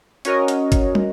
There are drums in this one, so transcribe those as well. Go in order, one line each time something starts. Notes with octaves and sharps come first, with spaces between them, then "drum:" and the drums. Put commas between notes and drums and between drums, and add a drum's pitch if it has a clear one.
C#4 F#4 A#4 C#5 D#5, drum: hi-hat
drum: hi-hat
drum: kick G1, hi-hat
drum: tom